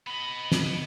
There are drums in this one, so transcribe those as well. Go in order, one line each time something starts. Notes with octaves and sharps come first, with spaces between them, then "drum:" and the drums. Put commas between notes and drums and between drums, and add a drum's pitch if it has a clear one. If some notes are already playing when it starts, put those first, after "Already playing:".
B3 D#5 B5
drum: snare